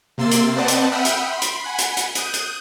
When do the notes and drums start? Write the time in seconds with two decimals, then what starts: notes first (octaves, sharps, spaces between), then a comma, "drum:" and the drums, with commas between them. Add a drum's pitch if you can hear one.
0.18 C3 A#3 C6 E6 A6
0.31 drum: hi-hat
0.56 C4 B4 D5 D#5 F#5 A5
0.68 drum: hi-hat
0.92 E5 F#5 G5 B5 D#6 F6
1.05 drum: hi-hat
1.28 B5 C6
1.42 drum: hi-hat
1.64 F#5 G#5 B5
1.78 drum: hi-hat
1.97 drum: hi-hat
2.15 D#6 F#6 G6 D#7, drum: hi-hat
2.34 drum: hi-hat